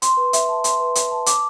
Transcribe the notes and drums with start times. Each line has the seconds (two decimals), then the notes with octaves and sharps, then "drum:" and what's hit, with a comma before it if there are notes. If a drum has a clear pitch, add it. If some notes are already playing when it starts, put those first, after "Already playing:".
0.02 C6, drum: hi-hat
0.17 B4
0.33 E5, drum: hi-hat
0.49 A5
0.64 C6, drum: hi-hat
0.80 B4
0.95 E5, drum: hi-hat
1.11 A5
1.26 D6, drum: hi-hat